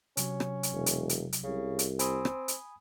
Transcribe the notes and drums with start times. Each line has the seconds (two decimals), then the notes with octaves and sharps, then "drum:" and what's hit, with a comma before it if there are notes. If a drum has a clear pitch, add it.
0.17 C3 F#3 C#4, drum: hi-hat
0.40 drum: rim click
0.63 drum: hi-hat
0.72 E1
0.86 drum: hi-hat
1.09 drum: hi-hat
1.33 drum: hi-hat
1.44 C2 C#3
1.79 drum: hi-hat
1.99 C4 G#5 B5 D#6, drum: hi-hat
2.25 drum: rim click
2.48 drum: hi-hat